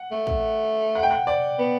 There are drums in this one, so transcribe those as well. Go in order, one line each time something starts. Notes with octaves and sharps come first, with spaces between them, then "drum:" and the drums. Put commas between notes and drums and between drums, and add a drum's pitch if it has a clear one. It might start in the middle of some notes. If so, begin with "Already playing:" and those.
Already playing: F#5
A3
drum: kick
F#5
G5
F#5
D5
B3